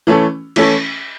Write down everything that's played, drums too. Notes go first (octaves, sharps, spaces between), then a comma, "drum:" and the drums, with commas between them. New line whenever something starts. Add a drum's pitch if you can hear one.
E3 A3 C#4 E4 A4
E3 A3 C#4 E4 A4, drum: cymbal